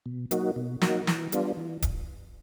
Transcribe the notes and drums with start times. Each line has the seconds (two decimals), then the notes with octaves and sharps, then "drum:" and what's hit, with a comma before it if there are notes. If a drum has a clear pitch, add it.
0.06 B2
0.31 F#3 A#3 D#4 F#4, drum: hi-hat
0.56 B2
0.82 F#3 A#3 D#4 F#4, drum: snare
1.07 E3, drum: snare
1.32 G3 B3 D4 F4, drum: hi-hat
1.57 E3
1.82 drum: kick D1, hi-hat